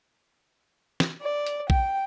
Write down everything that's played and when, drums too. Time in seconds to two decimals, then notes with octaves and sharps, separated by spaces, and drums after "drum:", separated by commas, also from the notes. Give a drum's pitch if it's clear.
1.00 drum: snare
1.21 D5
1.47 drum: hi-hat
1.70 G5, drum: kick